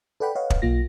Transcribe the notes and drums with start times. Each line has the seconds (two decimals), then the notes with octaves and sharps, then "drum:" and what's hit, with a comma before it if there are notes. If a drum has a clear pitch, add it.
0.20 A4 B4 D5 F#5 G5 B5
0.35 B4 C#5 D#5 F5 F#5
0.50 drum: kick
0.62 B1 A#3 F4 A#6